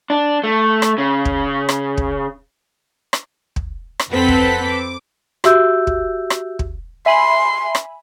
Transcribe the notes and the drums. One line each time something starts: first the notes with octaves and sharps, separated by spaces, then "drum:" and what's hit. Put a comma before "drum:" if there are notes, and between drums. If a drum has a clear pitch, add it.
D4
A3
drum: rim click
C#3
drum: kick
drum: rim click
drum: kick
drum: rim click
drum: kick
drum: rim click
F2 C4 A4 B4 F#5 B6
drum: kick
D6
F#4 G4 E5 E6 G6, drum: rim click
drum: kick
drum: rim click
drum: kick
E5 G#5 B5 C6
drum: rim click